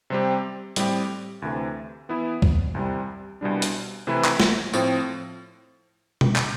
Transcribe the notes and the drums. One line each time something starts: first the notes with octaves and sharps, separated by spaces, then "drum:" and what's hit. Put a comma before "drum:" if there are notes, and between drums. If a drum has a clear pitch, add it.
C3 G3 C4 G4
A2 G3 C4 G4, drum: hi-hat
D2 C3 E3 A3
E3 B3 E4
drum: kick C2
C2 C3 G3
C2 B2 G3 D4
drum: hi-hat
C3 E3 A3 E4 B4
drum: clap
drum: snare
A2 F3 C4, drum: tambourine
drum: tom B2
drum: clap